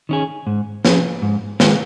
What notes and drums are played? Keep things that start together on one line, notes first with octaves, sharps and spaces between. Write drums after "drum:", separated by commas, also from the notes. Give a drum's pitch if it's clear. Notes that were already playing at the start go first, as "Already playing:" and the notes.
D#3 C#4 G#4
G#2
F3 C#4 G#4, drum: snare
G#2
D#3 G#3 F4 G#4, drum: snare